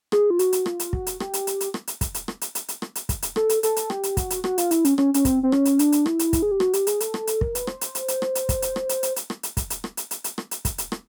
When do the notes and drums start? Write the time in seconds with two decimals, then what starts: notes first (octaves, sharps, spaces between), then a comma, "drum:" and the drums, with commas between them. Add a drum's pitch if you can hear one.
0.12 G#4, drum: rim click
0.30 F4
0.39 F#4, drum: hi-hat
0.53 drum: hi-hat
0.66 F4, drum: rim click
0.80 drum: hi-hat
0.93 F#4, drum: kick
1.07 drum: hi-hat
1.20 G4, drum: rim click
1.34 drum: hi-hat
1.47 drum: hi-hat
1.61 drum: hi-hat
1.74 drum: rim click
1.87 drum: hi-hat
2.01 drum: kick, hi-hat
2.14 drum: hi-hat
2.28 drum: rim click
2.41 drum: hi-hat
2.55 drum: hi-hat
2.68 drum: hi-hat
2.82 drum: rim click
2.95 drum: hi-hat
3.09 drum: kick, hi-hat
3.22 drum: hi-hat
3.36 A4, drum: rim click
3.49 drum: hi-hat
3.63 A4, drum: hi-hat
3.76 drum: hi-hat
3.90 G4, drum: rim click
4.03 drum: hi-hat
4.17 F#4, drum: kick, hi-hat
4.30 drum: hi-hat
4.44 F#4, drum: rim click
4.58 F4, drum: hi-hat
4.71 E4, drum: hi-hat
4.85 C#4, drum: hi-hat
4.98 C#4, drum: rim click
5.14 C#4, drum: hi-hat
5.25 C4, drum: kick, hi-hat
5.43 C4
5.52 C#4, drum: rim click
5.65 drum: hi-hat
5.79 D4, drum: hi-hat
5.92 drum: hi-hat
6.06 E4, drum: rim click
6.19 drum: hi-hat
6.33 drum: kick, hi-hat
6.42 G#4
6.51 G4
6.60 F#4, drum: rim click
6.73 G4, drum: hi-hat
6.87 G#4, drum: hi-hat
7.00 A4, drum: hi-hat
7.14 drum: rim click
7.27 drum: hi-hat
7.41 A#4, drum: kick
7.55 B4, drum: hi-hat
7.67 C5, drum: rim click
7.81 drum: hi-hat
7.95 drum: hi-hat
8.08 drum: hi-hat
8.22 drum: rim click
8.35 drum: hi-hat
8.49 drum: kick, hi-hat
8.62 drum: hi-hat
8.76 drum: rim click
8.89 drum: hi-hat
9.03 drum: hi-hat
9.16 drum: hi-hat
9.30 drum: rim click
9.43 drum: hi-hat
9.57 drum: kick, hi-hat
9.70 drum: hi-hat
9.84 drum: rim click
9.97 drum: hi-hat
10.11 drum: hi-hat
10.24 drum: hi-hat
10.38 drum: rim click
10.51 drum: hi-hat
10.65 drum: kick, hi-hat
10.78 drum: hi-hat
10.92 drum: rim click